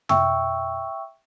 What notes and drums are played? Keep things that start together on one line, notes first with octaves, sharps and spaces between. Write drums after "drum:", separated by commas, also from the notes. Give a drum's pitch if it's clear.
E5 G5 C#6 E6, drum: tom